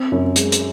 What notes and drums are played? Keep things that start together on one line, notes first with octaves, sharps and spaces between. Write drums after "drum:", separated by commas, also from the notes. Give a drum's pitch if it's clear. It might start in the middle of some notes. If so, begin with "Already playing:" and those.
Already playing: C4
F#2
G#3, drum: hi-hat
drum: hi-hat